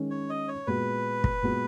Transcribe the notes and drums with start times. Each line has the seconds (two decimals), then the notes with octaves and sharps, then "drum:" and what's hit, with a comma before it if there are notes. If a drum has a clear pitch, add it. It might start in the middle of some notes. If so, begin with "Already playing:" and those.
Already playing: D#3 G#3 C#4
0.11 C#5
0.30 D#5
0.48 C#5
0.67 A#2 G#3 B3 F#4 B4
1.24 drum: kick
1.43 A#2 G#3 B3 F#4